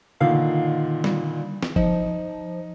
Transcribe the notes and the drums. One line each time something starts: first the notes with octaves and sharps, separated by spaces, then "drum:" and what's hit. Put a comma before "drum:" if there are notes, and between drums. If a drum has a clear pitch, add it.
A#2 D3 D#3 F5
G3, drum: snare
drum: snare
F3 D#4, drum: kick F#1